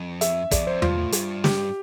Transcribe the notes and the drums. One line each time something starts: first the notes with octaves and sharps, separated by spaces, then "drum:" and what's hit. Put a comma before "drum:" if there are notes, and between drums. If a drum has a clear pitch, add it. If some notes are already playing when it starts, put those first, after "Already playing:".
Already playing: F2
E5, drum: hi-hat
E2 D5, drum: kick, hi-hat
F2 C5
G2 F4, drum: tom E2
A2
G2, drum: hi-hat
G4, drum: snare